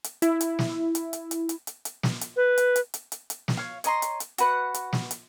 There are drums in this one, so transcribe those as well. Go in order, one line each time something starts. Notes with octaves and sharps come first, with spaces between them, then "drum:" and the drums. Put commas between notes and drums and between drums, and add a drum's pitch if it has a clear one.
drum: hi-hat
E4, drum: hi-hat
drum: hi-hat
drum: snare
drum: hi-hat
drum: hi-hat
drum: hi-hat
drum: hi-hat
drum: hi-hat
drum: hi-hat
drum: snare
drum: hi-hat
B4
drum: hi-hat
drum: hi-hat
drum: hi-hat
drum: hi-hat
drum: hi-hat
drum: snare
C#5 F5
C#5 D#5 A#5 C6, drum: hi-hat
drum: hi-hat
drum: hi-hat
F#4 B4 F#5, drum: hi-hat
drum: hi-hat
drum: snare
drum: hi-hat